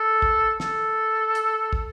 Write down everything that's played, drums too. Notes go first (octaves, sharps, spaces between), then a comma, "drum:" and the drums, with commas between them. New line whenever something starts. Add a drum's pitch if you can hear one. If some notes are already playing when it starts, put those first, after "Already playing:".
Already playing: A4
drum: kick
A4, drum: snare
drum: hi-hat
drum: kick